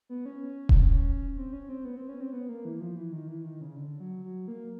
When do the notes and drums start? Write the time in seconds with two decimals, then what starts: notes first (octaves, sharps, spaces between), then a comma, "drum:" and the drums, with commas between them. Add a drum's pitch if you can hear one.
0.09 B3
0.26 C#4
0.69 drum: kick D#1
1.37 C4
1.53 C#4
1.69 C4
1.85 B3
1.97 C4
2.09 C#4
2.21 C4
2.33 B3
2.49 A#3
2.65 E3
2.80 F3
2.96 E3
3.12 D#3
3.28 E3
3.44 D#3
3.61 C#3
3.76 D3
4.00 F#3
4.24 F#3
4.48 A#3